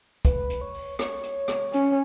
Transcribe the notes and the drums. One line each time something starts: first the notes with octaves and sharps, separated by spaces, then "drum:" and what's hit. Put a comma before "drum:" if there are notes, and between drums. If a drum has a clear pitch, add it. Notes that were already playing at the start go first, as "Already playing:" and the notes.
B4, drum: kick, hi-hat
drum: hi-hat
C#5
drum: open hi-hat
C#5, drum: rim click
drum: hi-hat
drum: rim click
C#4, drum: hi-hat